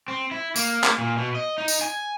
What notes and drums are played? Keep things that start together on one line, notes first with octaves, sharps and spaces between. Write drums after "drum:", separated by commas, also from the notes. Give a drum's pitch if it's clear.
C4
E4
A#3, drum: tambourine
drum: clap
A#2
B2
D#5
D#4
drum: tambourine
G#5